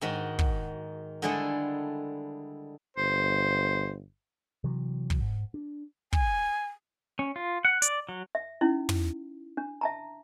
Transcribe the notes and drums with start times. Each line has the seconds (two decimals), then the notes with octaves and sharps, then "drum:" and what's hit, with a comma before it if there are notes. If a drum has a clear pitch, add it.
0.01 G#2 D#3 F#4
0.39 drum: kick
1.22 D3 G3 G#3 E4 G#4 A4
2.97 G1 C5
4.64 C3 E3 F#3
5.10 drum: kick
5.21 G#2
5.54 D4
6.13 G#5, drum: kick
7.19 C#4
7.36 F4
7.65 F#5
7.82 D5, drum: hi-hat
8.09 F#3
8.35 E5
8.61 C#4 D#4 E4
8.89 drum: tom
9.57 D4
9.81 E5 A5 A#5